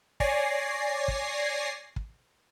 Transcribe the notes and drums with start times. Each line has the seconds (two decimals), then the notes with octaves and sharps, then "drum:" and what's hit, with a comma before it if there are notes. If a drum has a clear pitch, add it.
0.20 C#5 D5 G#5 A#6 C7, drum: kick
1.08 drum: kick
1.96 drum: kick